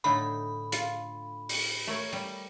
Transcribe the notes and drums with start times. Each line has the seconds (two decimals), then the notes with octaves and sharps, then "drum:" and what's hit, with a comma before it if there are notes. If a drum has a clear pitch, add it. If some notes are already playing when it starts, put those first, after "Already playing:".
0.04 A2 D3 D#4 B5
0.72 F4, drum: hi-hat
1.49 drum: open hi-hat
1.87 A3 A#4 C#5
2.13 G3